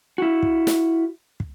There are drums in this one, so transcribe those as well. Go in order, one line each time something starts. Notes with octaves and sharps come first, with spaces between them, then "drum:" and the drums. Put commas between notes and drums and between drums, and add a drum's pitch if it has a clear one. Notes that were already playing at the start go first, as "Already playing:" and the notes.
E4 F#4
drum: kick
drum: snare
drum: kick